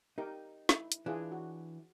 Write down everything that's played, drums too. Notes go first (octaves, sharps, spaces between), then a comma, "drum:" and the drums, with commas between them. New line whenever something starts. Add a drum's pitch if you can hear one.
D#4 G4 A#4 G5
E4, drum: snare
drum: hi-hat
E3 D4 E4 F4 G#4
F#4